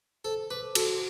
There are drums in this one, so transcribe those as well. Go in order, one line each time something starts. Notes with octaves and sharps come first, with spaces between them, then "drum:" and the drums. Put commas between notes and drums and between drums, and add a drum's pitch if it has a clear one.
A4 C5
B4 D6
F#4 A4, drum: cymbal